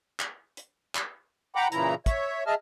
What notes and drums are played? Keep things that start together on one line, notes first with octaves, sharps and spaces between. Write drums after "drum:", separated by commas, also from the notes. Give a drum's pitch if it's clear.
drum: clap
drum: hi-hat
drum: clap
F#5 G5 A#5 B5 D6
A#2 C#3 E3 E4 A#5, drum: hi-hat
C#5 E5, drum: kick, hi-hat
G#4 D#5 E5 A5 F6